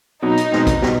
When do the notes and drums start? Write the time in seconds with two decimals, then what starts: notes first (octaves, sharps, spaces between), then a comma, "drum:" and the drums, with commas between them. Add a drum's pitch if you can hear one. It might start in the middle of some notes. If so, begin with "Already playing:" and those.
0.22 B2 F#3 B3 D#4
0.37 drum: hi-hat
0.52 B2 G#3 C4, drum: snare
0.67 drum: kick, hi-hat
0.82 B2 G3, drum: snare